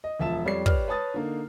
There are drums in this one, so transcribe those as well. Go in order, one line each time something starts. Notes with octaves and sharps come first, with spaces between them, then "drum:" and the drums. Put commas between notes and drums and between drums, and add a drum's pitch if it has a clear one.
D#5
E1 F3 E5 A5 E7
F2 G3 C#5 D5 C7
G4 B4 C#5 D5 F6, drum: kick
B4 C#5 A5 D#6 A6
D3 A#3 D#4